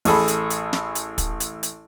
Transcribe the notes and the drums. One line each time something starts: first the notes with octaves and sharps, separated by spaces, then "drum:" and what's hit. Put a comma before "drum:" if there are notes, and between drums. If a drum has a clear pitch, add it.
A1 G#4 A4 B5, drum: open hi-hat
drum: hi-hat
drum: hi-hat
drum: snare
drum: hi-hat
drum: kick, hi-hat
drum: hi-hat
drum: hi-hat